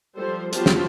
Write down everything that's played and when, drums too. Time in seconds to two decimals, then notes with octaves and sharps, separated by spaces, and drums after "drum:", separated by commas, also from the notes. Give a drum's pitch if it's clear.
0.15 F3 G3 A4 C5
0.53 F#3 B3 F4 G4 C5 A5, drum: hi-hat
0.66 drum: snare